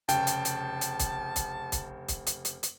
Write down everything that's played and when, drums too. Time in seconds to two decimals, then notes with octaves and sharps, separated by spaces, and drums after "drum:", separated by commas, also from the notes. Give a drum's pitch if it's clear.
0.09 F1 C#3 G5 A5, drum: hi-hat
0.27 drum: hi-hat
0.45 drum: hi-hat
0.81 drum: hi-hat
1.00 drum: kick, hi-hat
1.36 drum: kick, hi-hat
1.72 drum: kick, hi-hat
2.08 drum: kick, hi-hat
2.27 drum: hi-hat
2.45 drum: hi-hat
2.63 drum: hi-hat